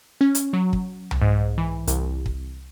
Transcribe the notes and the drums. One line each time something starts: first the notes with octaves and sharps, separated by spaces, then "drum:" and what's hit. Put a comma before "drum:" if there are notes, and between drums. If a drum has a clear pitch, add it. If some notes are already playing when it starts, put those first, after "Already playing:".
C#4
drum: hi-hat
F#3
drum: kick
drum: tom C2
G#2
E3
C2, drum: hi-hat
drum: kick